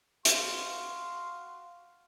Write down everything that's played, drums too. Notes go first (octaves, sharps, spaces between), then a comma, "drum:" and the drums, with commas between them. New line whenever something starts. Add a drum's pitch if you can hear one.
F#4 F5 C6, drum: hi-hat